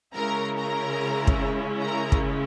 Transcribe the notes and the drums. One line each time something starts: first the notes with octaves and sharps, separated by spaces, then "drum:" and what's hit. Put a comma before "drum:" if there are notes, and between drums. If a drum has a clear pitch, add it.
C#3 G#3 C#4 E4 A#4 A#5
A#4 A#5
drum: kick
A#4 A#5
drum: kick